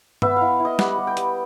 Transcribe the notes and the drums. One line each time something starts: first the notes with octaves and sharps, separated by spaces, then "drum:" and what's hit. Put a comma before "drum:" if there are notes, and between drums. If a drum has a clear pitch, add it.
B3 E5, drum: tom G2
E4 F5
E4
D#5
G3 F#5, drum: snare
G3
G5
G3, drum: hi-hat